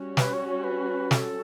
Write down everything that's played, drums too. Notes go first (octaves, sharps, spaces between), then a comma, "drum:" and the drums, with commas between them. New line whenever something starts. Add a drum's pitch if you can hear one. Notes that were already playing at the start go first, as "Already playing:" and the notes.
Already playing: G3 C#4 F#4
B4, drum: snare
C#5
C#5
B4
A4, drum: snare